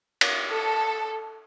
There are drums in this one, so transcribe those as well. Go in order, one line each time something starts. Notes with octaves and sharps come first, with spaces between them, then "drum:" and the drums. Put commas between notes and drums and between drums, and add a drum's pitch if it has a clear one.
drum: cymbal
A4